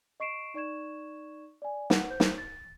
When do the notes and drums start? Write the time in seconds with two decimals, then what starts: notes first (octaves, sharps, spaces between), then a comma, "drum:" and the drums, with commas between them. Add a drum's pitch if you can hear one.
0.20 D#5 C#6 C7 D7 E7
0.54 D#4 D5 C#6 G#6 E7
1.62 D5 G#5
1.90 B4 F#5, drum: snare
2.10 C5 G6
2.20 drum: snare
2.38 A6